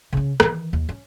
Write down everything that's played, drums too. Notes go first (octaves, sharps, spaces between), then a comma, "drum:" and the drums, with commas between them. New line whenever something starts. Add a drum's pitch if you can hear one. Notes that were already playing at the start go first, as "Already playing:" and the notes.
C#3 C#4
D#3 E3, drum: rim click
D#2
C#4